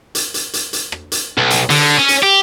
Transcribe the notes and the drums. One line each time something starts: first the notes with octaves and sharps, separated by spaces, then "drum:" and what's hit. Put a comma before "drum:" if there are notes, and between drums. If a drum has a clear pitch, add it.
drum: hi-hat
drum: hi-hat
drum: hi-hat
drum: hi-hat
drum: rim click
drum: hi-hat
B1
drum: hi-hat
D3, drum: open hi-hat
C#4
drum: hi-hat
G4